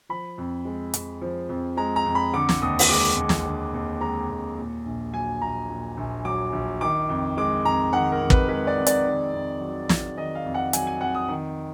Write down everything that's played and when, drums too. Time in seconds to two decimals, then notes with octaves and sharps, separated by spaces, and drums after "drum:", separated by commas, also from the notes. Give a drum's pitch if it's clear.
0.09 F3 B5
0.38 F2
0.65 G#3
0.94 F2, drum: hi-hat
1.22 F3
1.49 F2
1.77 G#3 A#5
1.96 A#5
2.05 F2
2.15 B5
2.33 D3 D6
2.49 drum: snare
2.62 D#2 D#6
2.79 drum: open hi-hat
2.89 G#3 D6
3.17 D#2
3.29 drum: snare
3.46 D3
3.74 D#2
4.01 G#3 A#5
4.30 D#2
4.58 A#2
4.86 A#1
5.13 F#3 G#5
5.41 A#1 A#5
5.69 A#2
5.97 A#1
6.25 F#3 D6
6.53 A#1
6.81 D#3 D6
7.09 F2
7.37 G#3 D6
7.65 F2 A#5
7.93 D#3 F#5
8.12 A#4
8.21 F2
8.30 B4, drum: kick
8.49 G#3 B4
8.67 D5
8.77 F2
8.86 D5, drum: hi-hat
9.05 D#3
9.33 F2
9.61 F#3
9.89 F2, drum: snare
10.17 D#3 D#5
10.35 F5
10.45 F2
10.54 F#5
10.73 F#3 G#5, drum: hi-hat
10.87 G#5
11.01 F2 F#5
11.15 D#6
11.28 D#3